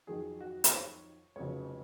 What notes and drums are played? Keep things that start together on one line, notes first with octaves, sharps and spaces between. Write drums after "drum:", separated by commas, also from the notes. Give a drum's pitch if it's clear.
F2 D#3 F#3 G#4
F#4
C5, drum: hi-hat
C#5
F1 F2 C#3 F#3 C#5